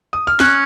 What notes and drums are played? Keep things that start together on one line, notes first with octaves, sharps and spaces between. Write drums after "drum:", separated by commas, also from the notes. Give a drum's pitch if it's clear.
D#6
F6
C#4 F#6, drum: snare